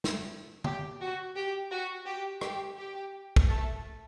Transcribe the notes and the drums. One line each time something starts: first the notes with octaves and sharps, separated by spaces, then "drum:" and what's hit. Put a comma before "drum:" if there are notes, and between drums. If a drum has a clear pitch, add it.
drum: snare
G4, drum: tom
F#4
G4
F#4
G4
G4, drum: rim click
G4
drum: kick
A3 A4